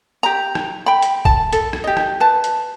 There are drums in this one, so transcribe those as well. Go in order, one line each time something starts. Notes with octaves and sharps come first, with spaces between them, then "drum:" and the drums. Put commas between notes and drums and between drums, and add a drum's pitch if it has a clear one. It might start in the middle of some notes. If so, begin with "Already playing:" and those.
G4 A#5
drum: rim click
G5 B5
drum: hi-hat
A5, drum: kick
A4, drum: hi-hat
drum: rim click
G4 D#5
drum: rim click
B4 A5
drum: hi-hat